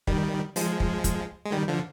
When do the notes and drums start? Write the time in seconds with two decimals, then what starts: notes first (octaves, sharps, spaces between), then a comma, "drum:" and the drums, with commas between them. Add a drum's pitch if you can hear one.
0.07 D#3 G3, drum: kick
0.56 F3 G#3, drum: open hi-hat
0.80 drum: kick
1.04 drum: kick, hi-hat
1.45 G#3
1.52 D#3 G3
1.68 D3 F3